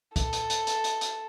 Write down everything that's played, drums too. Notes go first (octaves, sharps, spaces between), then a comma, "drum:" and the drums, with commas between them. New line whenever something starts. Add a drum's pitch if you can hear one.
A4, drum: kick, hi-hat
drum: hi-hat
drum: hi-hat
drum: hi-hat
drum: hi-hat
drum: hi-hat